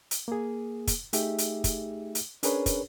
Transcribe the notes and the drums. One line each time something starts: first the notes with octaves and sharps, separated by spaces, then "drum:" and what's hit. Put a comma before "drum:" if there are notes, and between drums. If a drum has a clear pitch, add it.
drum: hi-hat
A#3 G#4
drum: kick, hi-hat
A3 D#4 G4 G#4 E5, drum: hi-hat
drum: hi-hat
drum: kick, hi-hat
drum: hi-hat
C#4 D4 G#4 A#4 B4 C#5, drum: hi-hat
drum: kick, hi-hat